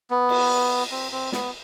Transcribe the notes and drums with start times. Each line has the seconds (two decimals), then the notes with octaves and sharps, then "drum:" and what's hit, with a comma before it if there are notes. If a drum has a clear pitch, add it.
0.11 B3
0.29 drum: cymbal
0.91 C4
1.12 C4
1.32 B3, drum: snare